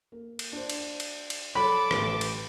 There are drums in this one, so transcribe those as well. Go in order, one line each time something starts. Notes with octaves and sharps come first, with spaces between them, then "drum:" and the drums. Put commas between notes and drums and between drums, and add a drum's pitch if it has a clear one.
A#3
drum: cymbal
D4 C5
drum: cymbal
drum: cymbal
drum: cymbal
A4 C#5 B5 D6
A1 B4, drum: rim click
drum: cymbal